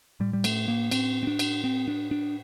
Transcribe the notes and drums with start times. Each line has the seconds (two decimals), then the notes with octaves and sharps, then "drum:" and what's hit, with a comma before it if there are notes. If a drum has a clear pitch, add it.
0.20 A2 G3
0.33 G3
0.44 A3, drum: cymbal
0.68 A#3
0.91 C4, drum: cymbal
1.23 C4
1.27 D4
1.39 drum: cymbal
1.64 C4
1.88 D4
2.11 D4